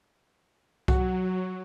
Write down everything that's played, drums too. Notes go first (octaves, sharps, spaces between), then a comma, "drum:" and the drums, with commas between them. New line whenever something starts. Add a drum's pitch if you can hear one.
F#3 F#4, drum: kick C2